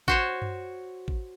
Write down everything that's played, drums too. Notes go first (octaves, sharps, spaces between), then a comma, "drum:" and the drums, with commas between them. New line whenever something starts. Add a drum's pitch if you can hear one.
F#4 C5 C#5, drum: kick A1
drum: tom F#2
drum: kick A1